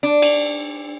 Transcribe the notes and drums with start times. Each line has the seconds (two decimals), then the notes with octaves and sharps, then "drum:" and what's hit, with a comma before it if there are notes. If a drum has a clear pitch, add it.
0.03 D4
0.22 drum: cymbal